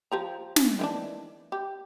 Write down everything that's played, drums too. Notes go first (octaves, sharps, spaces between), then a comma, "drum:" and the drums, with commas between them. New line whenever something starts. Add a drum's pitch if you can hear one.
F3 G4 A#5
drum: snare
D#3 E3 D4
G4